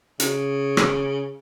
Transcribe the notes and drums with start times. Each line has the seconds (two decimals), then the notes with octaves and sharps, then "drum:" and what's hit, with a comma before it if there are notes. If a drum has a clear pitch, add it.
0.20 C#3, drum: hi-hat
0.77 drum: rim click